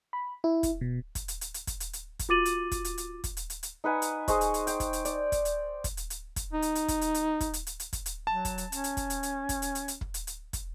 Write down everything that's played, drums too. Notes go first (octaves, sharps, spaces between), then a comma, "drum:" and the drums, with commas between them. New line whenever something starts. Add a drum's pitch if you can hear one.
B5
E4
drum: kick, hi-hat
B2
drum: kick, hi-hat
drum: hi-hat
drum: hi-hat
drum: hi-hat
drum: kick, hi-hat
drum: hi-hat
drum: hi-hat
drum: kick, hi-hat
F4 F#4 D6 A6 D#7 F#7
drum: hi-hat
drum: kick, hi-hat
drum: hi-hat
drum: hi-hat
drum: kick, hi-hat
drum: hi-hat
drum: hi-hat
drum: hi-hat
D#4 B4 F#5 G#5
drum: hi-hat
G#4 C5 D#5 C#6, drum: kick, hi-hat
drum: hi-hat
drum: hi-hat
G5, drum: hi-hat
drum: kick, hi-hat
drum: hi-hat
D5, drum: hi-hat
drum: kick, hi-hat
drum: hi-hat
drum: kick, hi-hat
drum: hi-hat
drum: hi-hat
drum: kick, hi-hat
D#4
drum: hi-hat
drum: hi-hat
drum: kick, hi-hat
drum: hi-hat
drum: hi-hat
drum: kick, hi-hat
drum: hi-hat
drum: hi-hat
drum: hi-hat
drum: kick, hi-hat
drum: hi-hat
F#3 A5
drum: kick, hi-hat
drum: hi-hat
C#4, drum: hi-hat
drum: hi-hat
drum: kick, hi-hat
drum: hi-hat
drum: hi-hat
drum: kick, hi-hat
drum: hi-hat
drum: hi-hat
drum: hi-hat
drum: kick
drum: hi-hat
drum: hi-hat
drum: kick, hi-hat